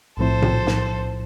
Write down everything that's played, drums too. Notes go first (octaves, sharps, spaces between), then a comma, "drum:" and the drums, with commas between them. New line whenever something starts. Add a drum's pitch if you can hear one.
B1 A2 F3 C4 E4 A4 C5
drum: tom A#2
drum: snare